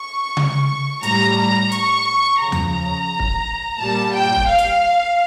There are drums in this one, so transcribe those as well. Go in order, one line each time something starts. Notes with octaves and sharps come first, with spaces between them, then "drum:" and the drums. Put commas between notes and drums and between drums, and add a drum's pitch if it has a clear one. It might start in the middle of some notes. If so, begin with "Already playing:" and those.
Already playing: C#6
drum: tom C#3
A2 G3 A#5, drum: hi-hat
A#5
C#6, drum: hi-hat
C#3 F3 A#5
drum: tom D#2
drum: kick
A#2 G3 A5
G5
drum: kick
F5
drum: hi-hat